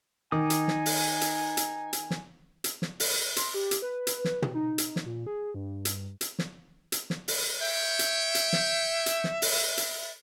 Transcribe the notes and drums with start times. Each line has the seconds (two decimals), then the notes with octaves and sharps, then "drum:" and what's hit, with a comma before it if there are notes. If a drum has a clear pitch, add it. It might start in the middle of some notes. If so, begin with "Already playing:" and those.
0.32 D#3 D#4 G#5 D6 D#6
0.50 drum: hi-hat
0.68 drum: snare
0.86 drum: open hi-hat
1.21 drum: hi-hat
1.57 drum: hi-hat
1.93 drum: hi-hat
2.11 drum: snare
2.64 drum: hi-hat
2.82 drum: snare
3.00 drum: open hi-hat
3.36 C6, drum: hi-hat
3.54 G4
3.71 drum: hi-hat
3.82 B4
4.07 drum: hi-hat
4.25 drum: snare
4.42 drum: tom
4.54 D#4
4.78 drum: hi-hat
4.96 drum: snare
5.06 A#2
5.26 G#4
5.54 G2
5.85 drum: hi-hat
6.21 drum: hi-hat
6.39 drum: snare
6.92 drum: hi-hat
7.10 drum: snare
7.28 drum: open hi-hat
7.60 C#5 E5 G5
7.99 drum: hi-hat
8.35 drum: hi-hat
8.53 drum: snare
9.06 drum: hi-hat
9.24 drum: snare
9.42 drum: open hi-hat
9.77 drum: hi-hat